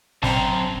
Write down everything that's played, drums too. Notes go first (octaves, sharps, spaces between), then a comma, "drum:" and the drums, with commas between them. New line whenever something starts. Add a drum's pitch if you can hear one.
G1 F#2 C4 A5 A#5, drum: snare